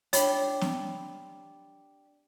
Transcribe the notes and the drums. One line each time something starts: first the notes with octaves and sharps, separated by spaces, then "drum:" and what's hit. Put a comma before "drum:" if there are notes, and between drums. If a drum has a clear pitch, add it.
D4 G4 C#5 B5, drum: hi-hat
drum: snare